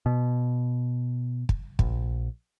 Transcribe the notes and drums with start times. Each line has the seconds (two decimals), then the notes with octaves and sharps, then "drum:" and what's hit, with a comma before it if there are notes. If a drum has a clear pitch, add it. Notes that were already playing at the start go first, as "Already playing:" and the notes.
0.06 B2
1.49 drum: kick
1.79 A#1, drum: kick